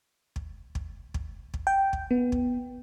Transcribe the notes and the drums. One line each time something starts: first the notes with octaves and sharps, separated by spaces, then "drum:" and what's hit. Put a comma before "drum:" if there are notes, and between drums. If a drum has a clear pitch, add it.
drum: kick
drum: kick
drum: kick
drum: kick
G5
drum: kick
B3
drum: kick